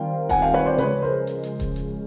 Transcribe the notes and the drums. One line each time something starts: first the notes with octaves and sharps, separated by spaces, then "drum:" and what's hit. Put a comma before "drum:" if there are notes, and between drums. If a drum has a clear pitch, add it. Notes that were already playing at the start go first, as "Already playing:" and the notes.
Already playing: D#3 G3 C4 F4 A#4 F5 G5
F#5 G#5, drum: kick D#1, hi-hat
F5 G5
B4 C#5
C5 D5
C#3 F3 G#3 B4 C#5, drum: hi-hat
A#4 C5
drum: hi-hat
drum: hi-hat
drum: kick D#1, hi-hat
drum: hi-hat